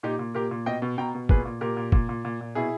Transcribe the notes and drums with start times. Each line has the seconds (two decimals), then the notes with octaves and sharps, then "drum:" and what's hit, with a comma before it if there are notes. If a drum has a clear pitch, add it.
0.03 A#2 D#4 G4
0.19 A#2
0.34 A#2 G4 A#4
0.51 A#2
0.66 B2 D#5 G5
0.82 B2
0.98 B2 G5 A#5
1.15 B2
1.29 A#2 G#4 B4, drum: kick
1.45 A#2
1.61 A#2 G4 A#4
1.77 A#2
1.92 A#2, drum: kick
2.09 A#2
2.25 A#2
2.41 A#2
2.55 B2 E4 G#4